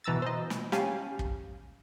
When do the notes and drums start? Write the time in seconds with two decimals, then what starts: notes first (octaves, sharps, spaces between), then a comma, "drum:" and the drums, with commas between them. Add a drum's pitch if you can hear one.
0.04 B2 E3 A#5 E6 A6
0.22 C5 D#5
0.50 drum: snare
0.72 C#4 G4 F5 G#5 A5, drum: snare
1.19 drum: kick